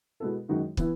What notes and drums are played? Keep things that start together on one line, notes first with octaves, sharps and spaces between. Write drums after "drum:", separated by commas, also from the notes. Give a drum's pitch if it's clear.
B2 G#3 B3 E4 A4
F#2 D#3 G#3 D#4 F#4
E3 B3 E4, drum: kick